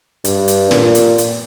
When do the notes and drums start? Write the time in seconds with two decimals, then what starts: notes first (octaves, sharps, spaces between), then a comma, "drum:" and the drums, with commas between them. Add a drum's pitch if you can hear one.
0.24 G2, drum: hi-hat
0.48 drum: hi-hat
0.71 A#2, drum: snare
0.95 drum: hi-hat
1.18 drum: hi-hat